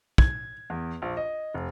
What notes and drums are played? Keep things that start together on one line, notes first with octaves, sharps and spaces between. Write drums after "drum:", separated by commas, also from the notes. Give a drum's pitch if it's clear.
G#6, drum: kick
E2
A#1
D#5
F1